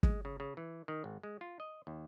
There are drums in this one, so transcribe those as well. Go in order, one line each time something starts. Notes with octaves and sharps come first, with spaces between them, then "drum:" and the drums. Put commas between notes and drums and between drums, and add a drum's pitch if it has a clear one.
G#3, drum: kick
C#3
C#3
E3
D#3
G#1
G#3
F4
D#5
D#2